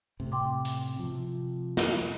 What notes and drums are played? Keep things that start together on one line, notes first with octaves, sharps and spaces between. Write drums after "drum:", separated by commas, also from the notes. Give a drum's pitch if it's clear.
A2 C3
G5 C6 D6
drum: hi-hat
C3 F3
drum: snare